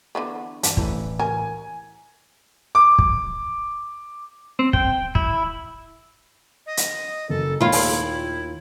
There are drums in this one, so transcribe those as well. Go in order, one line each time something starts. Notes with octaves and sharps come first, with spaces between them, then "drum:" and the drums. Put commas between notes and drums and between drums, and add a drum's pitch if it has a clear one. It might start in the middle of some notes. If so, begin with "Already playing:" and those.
D3 E3 B3
G2 E3 D4, drum: hi-hat
C2 A2 E3, drum: kick
A#4 G#5
D6
drum: kick
C4
G5, drum: kick
E4, drum: kick
D#5
drum: hi-hat
F#1 A4
D#2 A#2 E4 F4 B5
drum: open hi-hat